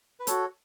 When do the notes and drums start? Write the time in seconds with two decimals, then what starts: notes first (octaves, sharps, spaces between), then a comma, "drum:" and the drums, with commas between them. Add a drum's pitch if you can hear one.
0.20 B4
0.27 F#4 A4 C#5, drum: hi-hat